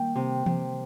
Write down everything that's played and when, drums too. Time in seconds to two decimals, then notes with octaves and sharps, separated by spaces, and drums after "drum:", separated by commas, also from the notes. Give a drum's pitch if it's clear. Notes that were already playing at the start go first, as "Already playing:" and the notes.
Already playing: D#3 G3 A#3 G5
0.15 C3
0.46 C3, drum: tom E3